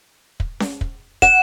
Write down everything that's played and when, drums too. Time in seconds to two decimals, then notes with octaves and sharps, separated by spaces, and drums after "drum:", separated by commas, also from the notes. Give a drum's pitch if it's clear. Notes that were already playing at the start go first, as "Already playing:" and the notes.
0.40 drum: kick
0.60 drum: snare C#4
0.81 drum: kick
1.22 F#5 E7, drum: kick